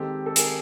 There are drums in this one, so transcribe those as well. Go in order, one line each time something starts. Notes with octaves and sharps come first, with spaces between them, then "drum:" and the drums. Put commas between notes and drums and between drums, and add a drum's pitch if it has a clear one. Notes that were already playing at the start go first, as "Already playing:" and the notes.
Already playing: D#3 G#3 C4 G4 A4
A4
G#4 A#4, drum: hi-hat